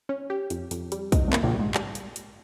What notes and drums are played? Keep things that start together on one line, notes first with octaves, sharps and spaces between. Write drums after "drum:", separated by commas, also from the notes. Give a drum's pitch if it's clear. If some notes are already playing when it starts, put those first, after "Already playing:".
C#4
G4
F2, drum: hi-hat
F2, drum: hi-hat
G3, drum: hi-hat
D#4, drum: kick, hi-hat
C2 C3
A#3, drum: clap
A#1 A#2
G3
G#2
G3, drum: clap
drum: hi-hat
drum: hi-hat